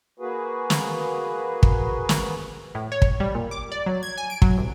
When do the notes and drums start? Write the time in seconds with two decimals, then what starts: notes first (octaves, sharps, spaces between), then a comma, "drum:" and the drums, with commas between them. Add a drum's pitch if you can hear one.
0.19 A#3 F#4 G#4 B4
0.70 drum: snare
1.63 drum: kick
2.09 drum: snare
2.75 A2
2.92 C#5
3.02 drum: kick
3.20 G3
3.35 A#2
3.51 D6
3.72 D5
3.86 F#3
4.03 G#6
4.18 G#5
4.30 D7
4.42 F#3, drum: kick
4.58 C2